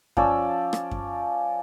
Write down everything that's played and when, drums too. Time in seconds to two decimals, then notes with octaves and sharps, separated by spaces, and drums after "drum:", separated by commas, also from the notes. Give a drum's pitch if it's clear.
0.17 F3 C#4 D5 E6, drum: kick F#2
0.73 drum: rim click
0.91 drum: kick F#2